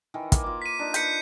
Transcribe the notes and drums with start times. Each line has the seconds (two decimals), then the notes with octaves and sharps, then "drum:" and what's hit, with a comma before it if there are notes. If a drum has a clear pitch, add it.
0.14 D#3 E3 A#4
0.32 A#3, drum: kick, hi-hat
0.44 F4 D6
0.62 B6 D#7
0.79 D4 D#4
0.94 B4 G6 B6 C#7, drum: hi-hat